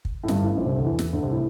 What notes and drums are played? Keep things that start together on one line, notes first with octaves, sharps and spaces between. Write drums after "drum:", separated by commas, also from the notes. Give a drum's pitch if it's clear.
drum: kick
A2
G1 G2, drum: snare
A1 A2
A#1 A#2
C2 C3
D2 D3
E2 E3
E2 E3, drum: snare
D2 D3
C2 C3
A2